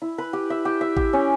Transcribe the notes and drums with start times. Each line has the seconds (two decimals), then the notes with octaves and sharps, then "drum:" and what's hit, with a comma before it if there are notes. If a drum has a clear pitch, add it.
0.02 E4
0.18 B4
0.33 G4
0.50 E5
0.65 G4
0.81 E5
0.97 G4, drum: kick A1
1.13 C#4